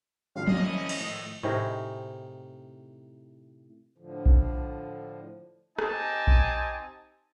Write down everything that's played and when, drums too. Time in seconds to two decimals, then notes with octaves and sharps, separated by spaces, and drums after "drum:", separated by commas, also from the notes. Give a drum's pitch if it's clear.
0.36 G#1 F3 F5
0.47 G#2 A#3 D#5, drum: tom F3
0.63 C#4 E4
0.89 drum: cymbal
1.00 A2
1.43 A2 C3 D#3 G#4
3.98 A2 D3 F3
4.26 drum: kick A#1
5.79 C4 D#4 G4 D#5 G#5 A5, drum: rim click
6.27 drum: kick A#1